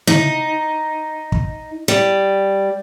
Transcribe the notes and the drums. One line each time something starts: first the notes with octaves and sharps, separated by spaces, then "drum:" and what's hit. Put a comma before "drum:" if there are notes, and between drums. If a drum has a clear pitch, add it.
D#4, drum: tom C#3
drum: kick
G3